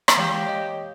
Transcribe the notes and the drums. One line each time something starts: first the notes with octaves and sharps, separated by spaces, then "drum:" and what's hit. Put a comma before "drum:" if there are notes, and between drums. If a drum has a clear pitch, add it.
drum: rim click
E3 G#3 A#3 G4
C#5 D#5